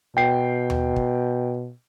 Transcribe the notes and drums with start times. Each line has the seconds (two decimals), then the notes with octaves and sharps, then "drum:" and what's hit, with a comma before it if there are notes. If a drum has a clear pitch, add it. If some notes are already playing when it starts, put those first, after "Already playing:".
0.17 B2 G5 C7
0.70 drum: tom D#2
0.96 drum: kick